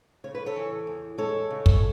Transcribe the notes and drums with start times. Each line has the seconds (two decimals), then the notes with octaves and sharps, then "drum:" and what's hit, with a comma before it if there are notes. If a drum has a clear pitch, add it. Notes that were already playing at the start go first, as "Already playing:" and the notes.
0.24 C#3 C#5
0.35 B4
0.46 A4 C#5
0.56 E3
0.87 E2
1.18 G#3 A4 C#5
1.50 C#3
1.66 drum: kick